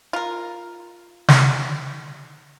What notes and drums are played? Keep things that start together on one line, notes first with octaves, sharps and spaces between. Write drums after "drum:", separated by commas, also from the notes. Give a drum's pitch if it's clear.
F4 A#4
drum: snare